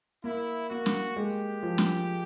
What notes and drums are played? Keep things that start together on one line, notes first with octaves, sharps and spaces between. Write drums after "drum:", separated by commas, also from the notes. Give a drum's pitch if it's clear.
A#3 E4
A#3 F#4
drum: snare
G#3 G4
F3
drum: snare